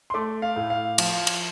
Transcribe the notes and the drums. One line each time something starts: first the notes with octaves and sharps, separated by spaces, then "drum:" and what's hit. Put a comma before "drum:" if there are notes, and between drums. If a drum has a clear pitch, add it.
C6
A3 D6
F5
A2
F5
F3 F5, drum: cymbal
drum: cymbal